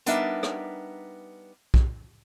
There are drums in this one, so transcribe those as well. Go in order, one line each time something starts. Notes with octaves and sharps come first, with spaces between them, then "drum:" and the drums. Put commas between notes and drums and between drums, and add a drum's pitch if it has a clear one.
G3 B3 D4 D#4 A#4 E5, drum: hi-hat
drum: rim click
drum: kick